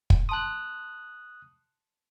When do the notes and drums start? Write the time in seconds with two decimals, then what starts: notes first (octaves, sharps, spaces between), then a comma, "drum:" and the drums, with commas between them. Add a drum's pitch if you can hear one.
0.10 drum: kick
0.29 A5 C6 D#6 F#6